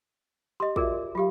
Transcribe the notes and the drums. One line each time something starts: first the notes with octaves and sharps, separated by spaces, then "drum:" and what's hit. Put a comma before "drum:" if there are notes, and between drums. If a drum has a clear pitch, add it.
G4 D#5 C6
F4 F#4 G#4 A#4 D5 E5, drum: kick
F#3 F4 G4 F5